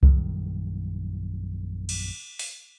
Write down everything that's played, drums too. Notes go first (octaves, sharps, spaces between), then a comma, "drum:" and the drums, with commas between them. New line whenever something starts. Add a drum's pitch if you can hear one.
A#1 F#2 D#3 G3, drum: kick C2
drum: cymbal
drum: open hi-hat